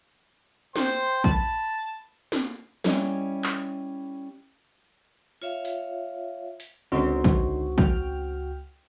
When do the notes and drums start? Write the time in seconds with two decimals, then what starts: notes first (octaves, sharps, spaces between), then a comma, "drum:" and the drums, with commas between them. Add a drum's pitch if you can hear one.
0.76 C5 G5 C6, drum: snare
1.24 A5 B5, drum: kick
2.32 drum: snare
2.84 G3 C#4 E4 D#5, drum: snare
3.44 drum: clap
5.42 F4 C#5 E5 F5
5.65 drum: hi-hat
6.60 drum: hi-hat
6.92 C#2 D3 C4 C#4 D#4 F#4 C6
7.24 drum: kick
7.78 G5 F6, drum: kick